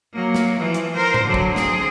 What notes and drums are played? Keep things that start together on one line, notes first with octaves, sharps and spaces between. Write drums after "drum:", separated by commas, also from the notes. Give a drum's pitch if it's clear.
F#3 A#3
drum: snare
E3 F3
drum: hi-hat
A#4 C5
drum: tom A2
D3 F#3
drum: kick
C4 G#4, drum: snare